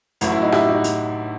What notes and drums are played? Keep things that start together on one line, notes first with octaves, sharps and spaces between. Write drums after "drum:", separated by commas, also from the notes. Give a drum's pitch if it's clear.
A1 A2 F#3 E4, drum: hi-hat
E4
D#4 F#4
E4 G4, drum: rim click
D#4 F#4
drum: hi-hat